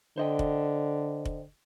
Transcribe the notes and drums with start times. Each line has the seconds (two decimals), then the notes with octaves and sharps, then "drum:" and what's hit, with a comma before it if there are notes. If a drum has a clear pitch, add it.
0.18 D3 C5 D#5 G5
0.39 drum: kick F1
1.26 drum: kick F1